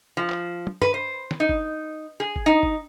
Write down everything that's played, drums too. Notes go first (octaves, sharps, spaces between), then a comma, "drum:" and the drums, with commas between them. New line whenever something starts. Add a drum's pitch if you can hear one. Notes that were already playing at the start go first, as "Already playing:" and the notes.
F3
drum: clap
drum: tom
B4, drum: tom
C5
drum: snare
D#4
drum: kick G1
G#4
drum: kick G1
D#4
drum: kick G1